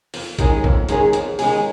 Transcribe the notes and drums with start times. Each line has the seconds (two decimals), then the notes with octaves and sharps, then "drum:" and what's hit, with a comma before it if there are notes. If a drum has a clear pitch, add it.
0.14 F2, drum: open hi-hat
0.39 D#3 G#3 C#4 G#4, drum: kick, hi-hat
0.64 F2, drum: kick
0.89 D#3 G#3 C#4 G#4, drum: hi-hat
1.13 F2, drum: hi-hat
1.39 D#3 G#3 C#4 G#4, drum: open hi-hat